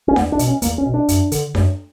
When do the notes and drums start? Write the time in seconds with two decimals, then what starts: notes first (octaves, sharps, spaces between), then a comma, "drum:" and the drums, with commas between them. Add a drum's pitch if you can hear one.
0.08 C#4
0.16 E2 B3, drum: snare D4
0.32 D4
0.39 B2, drum: hi-hat
0.48 C#4
0.62 E2 A#3, drum: hi-hat
0.78 C#4
0.86 B2
0.94 D4
1.09 F#2, drum: hi-hat
1.32 D3, drum: hi-hat
1.55 F#2, drum: snare D4